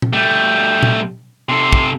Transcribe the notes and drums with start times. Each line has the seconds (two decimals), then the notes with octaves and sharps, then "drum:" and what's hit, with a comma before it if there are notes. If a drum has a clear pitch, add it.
0.02 drum: tom A#2
0.13 G3 A3 G5
0.83 drum: tom A#2
1.49 C3 A4 C6
1.73 drum: kick